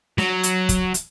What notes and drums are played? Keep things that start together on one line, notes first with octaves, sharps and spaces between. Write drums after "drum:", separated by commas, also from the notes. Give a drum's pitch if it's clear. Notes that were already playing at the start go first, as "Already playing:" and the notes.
F#3, drum: snare
drum: hi-hat
drum: kick, hi-hat
drum: hi-hat